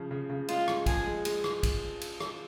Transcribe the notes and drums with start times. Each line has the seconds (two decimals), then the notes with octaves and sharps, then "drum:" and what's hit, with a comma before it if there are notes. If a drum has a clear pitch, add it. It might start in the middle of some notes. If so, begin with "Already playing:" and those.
Already playing: C#3 F3
0.11 C#3
0.30 C#3
0.48 G#3 F4, drum: cymbal
0.68 G#3, drum: rim click
0.86 F3 G#4, drum: kick B1, cymbal
1.06 G#3
1.25 G#3, drum: cymbal
1.44 drum: rim click
1.63 drum: kick B1, cymbal
2.01 drum: cymbal
2.21 drum: rim click